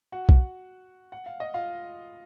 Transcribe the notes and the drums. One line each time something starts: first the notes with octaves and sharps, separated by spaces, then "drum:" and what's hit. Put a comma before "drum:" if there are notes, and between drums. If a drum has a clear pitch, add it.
F#4 F#5
drum: kick B1
F#5
F5
D#5
F4 F5